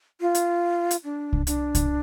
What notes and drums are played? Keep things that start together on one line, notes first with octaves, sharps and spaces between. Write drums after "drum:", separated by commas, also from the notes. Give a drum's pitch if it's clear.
F4
drum: hi-hat
drum: hi-hat
D4
drum: kick C2
D4, drum: hi-hat
drum: kick C2, hi-hat